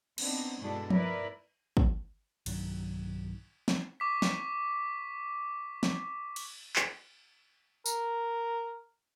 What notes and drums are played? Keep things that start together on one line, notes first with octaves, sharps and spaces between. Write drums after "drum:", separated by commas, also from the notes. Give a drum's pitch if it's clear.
B3 C4 D4 D#4, drum: cymbal
G2 B2 G#3 D4 E4 A4
E4 A#4 B4 D5, drum: tom F3
drum: kick
B1 G2 D#3 F#3, drum: cymbal
drum: snare
C#6 D6 B6
drum: snare
drum: snare
drum: cymbal
drum: clap
A#4, drum: tambourine